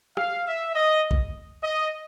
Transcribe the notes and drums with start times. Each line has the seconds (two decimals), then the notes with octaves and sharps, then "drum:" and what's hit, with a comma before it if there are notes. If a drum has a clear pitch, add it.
0.17 F5, drum: rim click
0.47 E5
0.75 D#5
1.11 drum: kick A#1
1.63 D#5